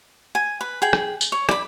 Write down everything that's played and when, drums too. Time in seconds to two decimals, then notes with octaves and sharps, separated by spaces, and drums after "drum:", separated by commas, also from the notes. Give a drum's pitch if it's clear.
0.35 G#5
0.61 B4
0.82 G#4 G5
0.93 drum: rim click
1.21 drum: tambourine
1.32 C#5
1.49 D5 B5, drum: rim click